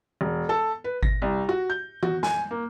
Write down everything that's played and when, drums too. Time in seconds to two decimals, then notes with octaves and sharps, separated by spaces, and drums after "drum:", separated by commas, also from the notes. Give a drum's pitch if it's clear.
0.21 E1
0.49 A4
0.84 B4
1.03 A#6, drum: kick G#1
1.22 C2
1.49 F#4
1.70 G6
2.03 F#4, drum: tom E3
2.23 G#5, drum: snare
2.51 A#3